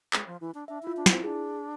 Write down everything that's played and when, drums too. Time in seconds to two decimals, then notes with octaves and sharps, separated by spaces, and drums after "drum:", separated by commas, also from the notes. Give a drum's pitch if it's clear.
0.13 G#3, drum: clap
0.27 F3
0.41 E3
0.54 D4
0.68 D4 E5
0.82 E4 F4
0.97 D4
1.06 E4, drum: snare
1.10 C4
1.24 D4 G#4